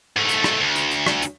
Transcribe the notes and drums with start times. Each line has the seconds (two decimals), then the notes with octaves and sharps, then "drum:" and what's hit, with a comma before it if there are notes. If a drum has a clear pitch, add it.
0.17 G#2 A3
0.29 drum: hi-hat
0.44 drum: rim click
0.60 D2
0.75 drum: hi-hat
0.91 drum: hi-hat
1.07 drum: rim click
1.22 drum: hi-hat